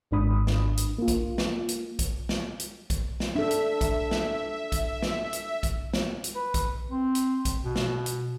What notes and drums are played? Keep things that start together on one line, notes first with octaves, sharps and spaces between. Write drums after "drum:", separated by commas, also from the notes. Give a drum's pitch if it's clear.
G#1 G#2 D4 B5 D#6
drum: snare
drum: hi-hat
A#3 F4
drum: kick B1, hi-hat
drum: snare
drum: hi-hat
drum: kick B1, hi-hat
drum: snare
drum: hi-hat
drum: kick B1, hi-hat
drum: snare
D4 A4 E5
drum: hi-hat
drum: kick B1, hi-hat
drum: snare
drum: kick B1, hi-hat
drum: snare
drum: hi-hat
drum: kick B1, hi-hat
drum: snare
drum: hi-hat
B4
drum: kick B1, hi-hat
C4
drum: hi-hat
drum: kick B1, hi-hat
B2
drum: snare
drum: hi-hat